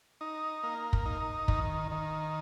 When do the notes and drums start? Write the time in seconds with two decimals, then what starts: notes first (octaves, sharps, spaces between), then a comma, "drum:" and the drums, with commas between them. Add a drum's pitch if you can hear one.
0.21 D#4
0.63 A#3
0.93 drum: kick
1.06 D#4
1.48 D#3, drum: kick
1.91 D#3